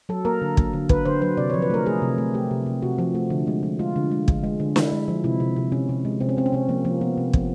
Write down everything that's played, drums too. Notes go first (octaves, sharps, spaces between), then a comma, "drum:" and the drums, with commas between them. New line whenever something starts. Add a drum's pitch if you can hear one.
F#3 A4
A#3 A#4
D3
A#3, drum: kick
D3
D3 B4, drum: kick
D3 C5
F#3 B4
C3 D5
F3 C#5
B4
A3 A#4
A3 G#4
C3
A3
A3 G4
C3
C3
C3 F#4
F3
A3
D3
G#3
F3
G#3 F4
D3
G#3
D3, drum: kick
G#3
D3
D3 E4, drum: snare
G#3
F3
C3 E4
C3
C3
C3 C#4
C3
G#3
C3 C4
C#4
C3 C4
C#4
C3 C4
F3 A#3
F3 A#3
F3 B3
C3
F3, drum: kick